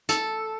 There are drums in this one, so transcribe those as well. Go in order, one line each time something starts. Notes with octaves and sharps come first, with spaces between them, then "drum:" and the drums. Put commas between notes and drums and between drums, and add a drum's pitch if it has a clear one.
A4, drum: hi-hat